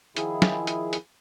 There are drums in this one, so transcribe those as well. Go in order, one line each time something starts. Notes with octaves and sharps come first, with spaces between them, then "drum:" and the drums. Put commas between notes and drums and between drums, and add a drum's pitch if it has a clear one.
D#3 F3 E4 G#4, drum: hi-hat
drum: snare
drum: hi-hat
drum: hi-hat